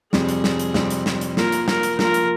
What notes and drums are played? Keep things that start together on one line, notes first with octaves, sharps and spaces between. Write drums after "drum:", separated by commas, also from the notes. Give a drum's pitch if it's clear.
F2 C3 G3 C4 G#4, drum: snare
drum: hi-hat
drum: snare
drum: hi-hat
F2 C3 G3 C4, drum: snare
drum: hi-hat
drum: snare
drum: hi-hat
F3 A#3 F4 A#4, drum: snare
drum: hi-hat
A#4, drum: snare
drum: hi-hat
F3 A#3 F4 A#4, drum: snare
drum: hi-hat